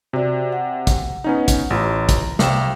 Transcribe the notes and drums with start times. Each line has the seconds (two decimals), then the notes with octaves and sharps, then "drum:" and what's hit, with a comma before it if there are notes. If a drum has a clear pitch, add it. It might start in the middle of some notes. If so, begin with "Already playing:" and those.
0.13 C3 F#4 D5
0.52 F#5
0.87 drum: kick, hi-hat
1.24 B3 C#4 D#4 F#5
1.48 drum: kick, hi-hat
1.70 A1 F4 A#5
2.09 drum: kick, hi-hat
2.39 C2 C3 F5 G5 E7, drum: snare